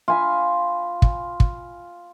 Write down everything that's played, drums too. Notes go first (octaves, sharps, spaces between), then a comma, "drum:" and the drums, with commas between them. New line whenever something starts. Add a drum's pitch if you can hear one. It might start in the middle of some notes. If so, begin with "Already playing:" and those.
F4 G#5 B5
drum: kick
drum: kick